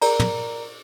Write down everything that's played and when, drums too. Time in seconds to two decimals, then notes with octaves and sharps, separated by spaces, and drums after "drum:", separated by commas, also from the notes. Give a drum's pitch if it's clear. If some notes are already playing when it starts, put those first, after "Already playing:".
0.02 G#4 A#4 D5 A#5, drum: cymbal
0.20 drum: tom